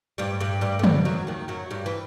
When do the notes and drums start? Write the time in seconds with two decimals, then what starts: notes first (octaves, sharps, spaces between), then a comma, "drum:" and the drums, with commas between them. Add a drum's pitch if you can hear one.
0.18 G2 G3
0.40 G2 G3
0.61 G2 G3
0.79 A3
0.84 G2 G3, drum: tom
1.05 F#2 F#3
1.27 D#2 D#3
1.48 F#2 F#3
1.71 G2 G3
1.86 E3